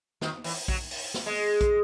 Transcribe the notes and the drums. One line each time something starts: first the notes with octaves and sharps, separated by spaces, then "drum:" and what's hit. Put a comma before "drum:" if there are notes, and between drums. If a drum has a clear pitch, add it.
D#3, drum: snare
E3, drum: open hi-hat
F#3, drum: kick A#1
drum: open hi-hat
drum: snare
G#3
drum: kick A#1, hi-hat